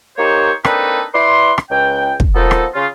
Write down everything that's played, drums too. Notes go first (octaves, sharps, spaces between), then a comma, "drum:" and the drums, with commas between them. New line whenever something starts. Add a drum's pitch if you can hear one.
A#3 D#4 G4 C5 C#5
A#3 C4 D4 D#4 A4 B4, drum: rim click
E4 B4 D5 C6
drum: rim click
C#2 G5
drum: kick
F3 A#3 B3 D#4 A4
drum: rim click
C#3 F4